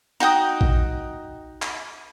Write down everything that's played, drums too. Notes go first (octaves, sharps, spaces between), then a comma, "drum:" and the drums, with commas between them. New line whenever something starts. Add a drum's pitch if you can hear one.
D#4 F#4 G5 D#6
drum: kick A#1
drum: clap